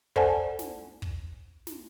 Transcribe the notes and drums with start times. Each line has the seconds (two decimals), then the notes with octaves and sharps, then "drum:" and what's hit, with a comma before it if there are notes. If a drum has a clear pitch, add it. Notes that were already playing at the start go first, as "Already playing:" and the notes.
0.16 A4 C5 D5 F#5 G#5 A5, drum: kick
0.59 drum: snare
1.02 drum: kick
1.67 drum: snare